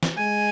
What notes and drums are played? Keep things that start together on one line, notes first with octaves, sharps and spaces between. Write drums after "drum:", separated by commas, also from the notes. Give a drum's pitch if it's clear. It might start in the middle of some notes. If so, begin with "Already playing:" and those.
drum: snare
G#3 G#5